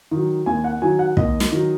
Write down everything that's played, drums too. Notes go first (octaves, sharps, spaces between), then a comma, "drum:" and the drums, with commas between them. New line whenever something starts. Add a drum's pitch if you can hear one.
D#3 F#3
D#2 G#5
F#5
D#3 F#3 G#5
F#5
D#2 D#5, drum: kick
drum: snare
D#3 F#3